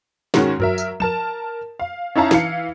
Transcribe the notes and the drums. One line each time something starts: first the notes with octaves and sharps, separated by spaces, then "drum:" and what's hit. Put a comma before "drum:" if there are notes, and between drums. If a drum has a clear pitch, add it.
G#2 D#3 G#3 C#4 F#4, drum: snare
F#3 A#4 E5, drum: tom F#2
drum: tambourine
A#4 A5 E7, drum: tom F3
F5
C#4 D#4 E4 F5 A5 A#5
E3 F5 C#7, drum: snare